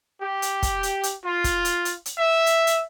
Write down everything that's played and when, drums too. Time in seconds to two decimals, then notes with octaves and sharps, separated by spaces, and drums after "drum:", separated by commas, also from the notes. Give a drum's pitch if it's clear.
0.22 G4
0.42 drum: hi-hat
0.63 drum: kick, hi-hat
0.83 drum: hi-hat
1.03 drum: hi-hat
1.24 F4
1.44 drum: kick, hi-hat
1.65 drum: hi-hat
1.85 drum: hi-hat
2.06 drum: hi-hat
2.18 E5
2.46 drum: hi-hat
2.67 drum: hi-hat